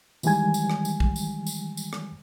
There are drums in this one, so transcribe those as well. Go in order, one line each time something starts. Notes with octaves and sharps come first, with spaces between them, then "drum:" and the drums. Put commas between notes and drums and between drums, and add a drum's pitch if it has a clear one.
D#3 E3 G3 G#3 G#5 G#6, drum: tambourine
drum: tambourine
drum: rim click
drum: tambourine
drum: kick A#1
drum: tambourine
drum: tambourine
drum: tambourine
drum: rim click